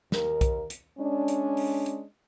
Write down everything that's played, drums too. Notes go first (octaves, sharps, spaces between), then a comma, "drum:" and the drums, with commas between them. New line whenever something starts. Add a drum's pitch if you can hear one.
D#2 A#4, drum: snare
drum: kick B1, hi-hat
drum: hi-hat
G#3 C#4 D4
drum: hi-hat
drum: open hi-hat
drum: hi-hat